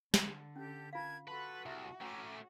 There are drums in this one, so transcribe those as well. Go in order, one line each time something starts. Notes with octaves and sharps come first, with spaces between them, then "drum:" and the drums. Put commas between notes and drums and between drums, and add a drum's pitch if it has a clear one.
D3, drum: snare
C#4 G4 A4 G6
F4 A#4 F5 A5 G#6
F#4 A4 B4 A5 B5 C6
C2 E5
A3 C#4 G5 G#5 A#5 D6